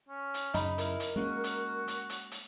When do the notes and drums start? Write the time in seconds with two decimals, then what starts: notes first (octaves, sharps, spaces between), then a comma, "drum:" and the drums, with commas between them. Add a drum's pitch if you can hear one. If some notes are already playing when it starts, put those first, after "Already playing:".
0.09 C#4
0.34 drum: hi-hat
0.54 F#2 C#3 D#4 B5, drum: hi-hat
0.78 E4 A#4, drum: hi-hat
1.00 drum: hi-hat
1.16 G#3 A#3 C#4 F#4
1.44 drum: hi-hat
1.88 drum: hi-hat
2.10 drum: hi-hat
2.31 drum: hi-hat